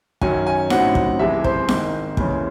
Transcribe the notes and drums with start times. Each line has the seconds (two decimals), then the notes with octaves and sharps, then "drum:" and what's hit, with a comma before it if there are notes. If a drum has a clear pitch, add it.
0.21 F#2 D#3 F#3 C#4 G#5, drum: kick
0.47 G#5
0.70 A1 A2 F#3 C4 D#4 F#5, drum: snare E4
0.95 drum: kick
1.19 C2 C3 E3 G#3 E5
1.44 C5, drum: kick
1.69 G#1 G#2 D#3, drum: snare E4
2.17 D#2 C#3 E3 G#3 C#4, drum: kick